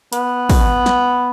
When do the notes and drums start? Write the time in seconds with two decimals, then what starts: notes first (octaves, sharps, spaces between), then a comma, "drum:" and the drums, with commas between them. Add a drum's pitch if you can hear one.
0.13 B3, drum: hi-hat
0.50 drum: kick, open hi-hat
0.86 drum: snare